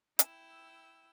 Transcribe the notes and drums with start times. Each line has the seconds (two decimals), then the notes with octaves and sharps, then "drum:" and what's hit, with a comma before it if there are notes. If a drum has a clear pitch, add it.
0.19 E4 G5 E6, drum: hi-hat